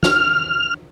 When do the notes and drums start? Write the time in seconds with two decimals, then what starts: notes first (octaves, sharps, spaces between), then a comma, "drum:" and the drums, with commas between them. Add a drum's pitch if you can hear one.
0.03 F6, drum: snare